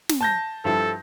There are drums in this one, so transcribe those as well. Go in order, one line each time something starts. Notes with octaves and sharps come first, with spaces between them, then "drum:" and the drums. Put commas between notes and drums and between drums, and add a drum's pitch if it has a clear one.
drum: snare
A5 G6 A#6
G2 F3 E4 A4